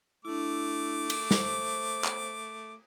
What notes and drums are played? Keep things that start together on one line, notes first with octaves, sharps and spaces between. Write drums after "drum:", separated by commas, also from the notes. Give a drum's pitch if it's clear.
A3 D4 E4 D6
drum: cymbal
C5, drum: snare
drum: clap